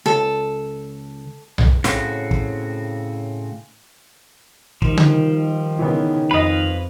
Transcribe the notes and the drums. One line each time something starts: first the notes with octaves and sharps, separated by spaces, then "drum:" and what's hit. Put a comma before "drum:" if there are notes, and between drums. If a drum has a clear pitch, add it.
C#2 A4
drum: tom B1
A2 C#3 C4 F#4, drum: snare
drum: kick
D#3 F3 G3, drum: kick
drum: tom C#3
C#3 E3 B3
F2 B4 D#5 F5 B5